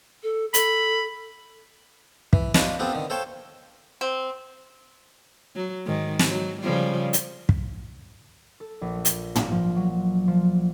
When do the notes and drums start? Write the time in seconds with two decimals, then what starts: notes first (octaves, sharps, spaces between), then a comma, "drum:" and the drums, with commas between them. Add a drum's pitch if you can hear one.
0.23 A4
0.54 A4 B5, drum: hi-hat
2.33 E3, drum: kick
2.54 D4 D#4 F4 B4 C#5 D#5, drum: snare
2.79 B3 C4 F4 G4 A4
2.93 D3 D#3
3.10 A4 C5 C#5 F5 G5 A5
4.01 C4
5.56 F#3
5.86 G#2 D#3
6.19 drum: snare
6.29 F#3
6.61 C#3 F3 G3
7.13 drum: hi-hat
7.49 drum: kick
8.60 A4
8.81 A#1
9.05 drum: hi-hat
9.36 A#3, drum: tom
9.52 F3
9.76 F#3
10.28 F3